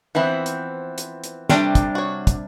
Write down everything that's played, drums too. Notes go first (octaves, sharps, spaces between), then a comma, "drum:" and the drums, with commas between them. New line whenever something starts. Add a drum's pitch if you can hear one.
E3 F3 B3 C4 E4
drum: hi-hat
drum: hi-hat
drum: hi-hat
C3 G3 A3 D4, drum: snare
drum: kick, hi-hat
F#4 C#5
drum: kick, hi-hat